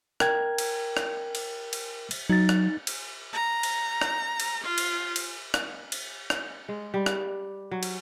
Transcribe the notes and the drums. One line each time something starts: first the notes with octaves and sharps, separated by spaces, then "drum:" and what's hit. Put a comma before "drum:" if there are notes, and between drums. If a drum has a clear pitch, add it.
A#4 G5 G#6, drum: rim click
drum: cymbal
drum: rim click
drum: cymbal
drum: cymbal
drum: cymbal
F#3 D#4 A6
drum: rim click
drum: cymbal
A#5
drum: cymbal
drum: rim click
drum: cymbal
F4
drum: cymbal
drum: cymbal
drum: rim click
drum: cymbal
drum: rim click
G#3
G3
drum: rim click
F#3
drum: cymbal